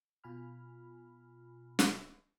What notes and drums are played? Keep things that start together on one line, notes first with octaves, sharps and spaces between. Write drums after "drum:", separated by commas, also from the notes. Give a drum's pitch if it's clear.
B2 F4 G#5 B5 F6
drum: snare